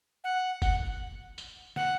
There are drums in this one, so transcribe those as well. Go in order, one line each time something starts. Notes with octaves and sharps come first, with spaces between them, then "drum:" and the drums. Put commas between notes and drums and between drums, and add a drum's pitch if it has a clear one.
F#5
F#5, drum: kick, tambourine
drum: tambourine
F#5, drum: snare